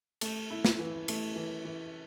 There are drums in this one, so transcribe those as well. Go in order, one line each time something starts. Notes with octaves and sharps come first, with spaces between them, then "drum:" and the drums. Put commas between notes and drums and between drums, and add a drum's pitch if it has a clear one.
A3, drum: cymbal
E4
drum: snare
E3
A3, drum: cymbal
E3
E3